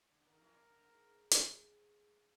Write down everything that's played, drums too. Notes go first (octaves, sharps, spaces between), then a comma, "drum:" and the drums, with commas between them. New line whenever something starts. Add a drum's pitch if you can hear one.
D3
D#2 D#3 A#4
E2 E3
D3
G#2
drum: hi-hat